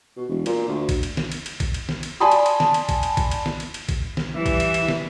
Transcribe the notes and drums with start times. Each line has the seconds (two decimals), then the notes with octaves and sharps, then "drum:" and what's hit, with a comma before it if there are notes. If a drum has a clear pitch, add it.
0.17 B2
0.29 E1
0.46 A#2, drum: cymbal
0.67 D2
0.89 drum: kick, cymbal
1.03 drum: cymbal
1.17 drum: snare
1.32 drum: cymbal
1.46 drum: cymbal
1.60 drum: kick, cymbal
1.74 drum: cymbal
1.89 drum: snare
2.03 drum: cymbal
2.20 D5 G#5 A5 B5 C6 D#6
2.32 drum: cymbal
2.46 drum: cymbal
2.60 drum: snare
2.74 drum: cymbal
2.89 drum: kick, cymbal
3.03 drum: cymbal
3.17 drum: kick, cymbal
3.31 drum: cymbal
3.46 drum: snare
3.60 drum: cymbal
3.74 drum: cymbal
3.89 drum: kick, cymbal
4.17 drum: snare
4.35 E3 G3 E5
4.46 drum: kick, cymbal
4.60 drum: cymbal
4.74 drum: cymbal
4.89 drum: snare